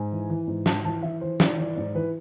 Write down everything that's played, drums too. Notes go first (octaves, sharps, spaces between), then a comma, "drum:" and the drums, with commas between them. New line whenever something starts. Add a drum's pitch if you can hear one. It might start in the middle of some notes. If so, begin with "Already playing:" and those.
Already playing: G#2 G#5
E3
E3
G#2
G#2 A5, drum: snare
E3 A5
E3 E5
E3 C5
E3 D5, drum: snare
E3 D5
G#2 D5
E3 B4